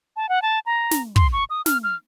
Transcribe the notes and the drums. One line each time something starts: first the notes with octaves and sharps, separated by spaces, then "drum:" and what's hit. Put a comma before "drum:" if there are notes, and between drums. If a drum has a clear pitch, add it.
A5
F#5
A5
A#5
drum: snare
C6, drum: kick
C#6
D#6
F6, drum: snare
F6